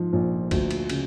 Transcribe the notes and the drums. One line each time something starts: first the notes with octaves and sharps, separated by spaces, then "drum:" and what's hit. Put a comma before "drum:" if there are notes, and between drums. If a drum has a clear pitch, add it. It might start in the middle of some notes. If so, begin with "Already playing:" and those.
Already playing: G#2 F3
A#1
D2, drum: kick B1, cymbal
drum: cymbal
C#3, drum: cymbal